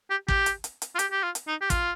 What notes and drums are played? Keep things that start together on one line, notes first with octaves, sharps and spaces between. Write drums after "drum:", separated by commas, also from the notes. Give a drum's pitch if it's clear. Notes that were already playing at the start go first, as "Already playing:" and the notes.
G4
G4, drum: kick
drum: hi-hat
drum: hi-hat
drum: hi-hat
F4
G4, drum: hi-hat
G4
F4
drum: hi-hat
D#4
G4
F4, drum: kick, hi-hat